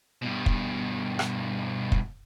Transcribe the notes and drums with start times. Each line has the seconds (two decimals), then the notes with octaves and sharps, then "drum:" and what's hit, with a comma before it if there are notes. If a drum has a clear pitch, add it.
0.22 G2 B2
0.46 drum: kick
1.19 drum: rim click
1.92 drum: kick